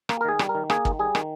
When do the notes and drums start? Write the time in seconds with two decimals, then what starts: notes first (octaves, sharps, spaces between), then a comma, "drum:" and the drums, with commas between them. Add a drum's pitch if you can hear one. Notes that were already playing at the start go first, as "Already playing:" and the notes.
0.09 A#3 A#4, drum: rim click
0.21 A#4
0.25 D#3 G#4
0.39 G3, drum: rim click
0.49 A#4
0.55 D#3
0.70 A#3 G#4, drum: rim click
0.85 D#3, drum: kick
0.99 G3 G#4
1.15 D#3, drum: rim click